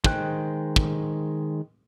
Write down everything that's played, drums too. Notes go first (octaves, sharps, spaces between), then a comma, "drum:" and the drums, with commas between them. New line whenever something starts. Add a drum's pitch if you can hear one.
D#3 G#3 C5 G5 F#6, drum: kick
drum: kick